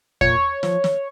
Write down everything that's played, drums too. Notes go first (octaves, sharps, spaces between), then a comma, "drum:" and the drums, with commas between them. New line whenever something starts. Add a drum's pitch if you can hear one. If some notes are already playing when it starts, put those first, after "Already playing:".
A#2 C#5, drum: kick E2
F3, drum: snare
drum: snare